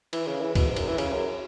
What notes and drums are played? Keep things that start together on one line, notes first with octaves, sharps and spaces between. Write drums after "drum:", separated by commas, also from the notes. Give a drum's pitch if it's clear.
E3, drum: cymbal
C#3
E3
B2, drum: kick, cymbal
G#2
F#2, drum: cymbal
E3
C#3, drum: cymbal
F#2